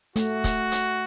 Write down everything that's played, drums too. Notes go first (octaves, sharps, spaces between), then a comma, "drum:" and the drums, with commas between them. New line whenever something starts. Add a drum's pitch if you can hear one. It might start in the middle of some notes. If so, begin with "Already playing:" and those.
A3 F#4, drum: hi-hat
drum: kick, hi-hat
drum: hi-hat